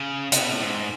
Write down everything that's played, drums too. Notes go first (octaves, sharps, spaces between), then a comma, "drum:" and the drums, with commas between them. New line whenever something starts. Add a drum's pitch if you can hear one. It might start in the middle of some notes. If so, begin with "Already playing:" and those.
Already playing: C#3
C3, drum: hi-hat
B2
A2
G#2